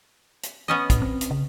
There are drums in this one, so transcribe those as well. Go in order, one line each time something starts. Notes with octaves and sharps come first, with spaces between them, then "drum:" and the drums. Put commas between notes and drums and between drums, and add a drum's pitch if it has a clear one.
drum: hi-hat
B3 C#4 D#5
A2, drum: kick, hi-hat
C4
drum: hi-hat
C#3